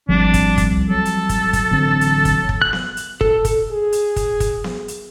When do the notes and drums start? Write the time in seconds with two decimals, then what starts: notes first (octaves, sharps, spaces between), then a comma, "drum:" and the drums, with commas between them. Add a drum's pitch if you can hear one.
0.09 G#1 F3 G3 C4 D4
0.34 drum: kick, hi-hat
0.58 drum: kick, hi-hat
0.71 C2
0.90 F#3 A4
1.05 drum: hi-hat
1.29 drum: kick, hi-hat
1.53 drum: kick, hi-hat
1.71 A1 D3 C4
2.01 drum: hi-hat
2.25 drum: kick, hi-hat
2.49 drum: kick
2.62 F#6
2.73 drum: snare B3
2.97 drum: hi-hat
3.21 A4, drum: kick
3.45 drum: kick, hi-hat
3.72 G#4
3.92 drum: hi-hat
4.16 drum: kick, hi-hat
4.40 drum: kick, hi-hat
4.64 drum: snare B3
4.88 drum: hi-hat